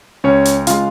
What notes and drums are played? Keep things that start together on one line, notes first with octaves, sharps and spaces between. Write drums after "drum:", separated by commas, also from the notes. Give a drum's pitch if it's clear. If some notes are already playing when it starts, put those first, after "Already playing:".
C#2 C#4 C#5
drum: hi-hat
C#3 G#3 F4 F5, drum: hi-hat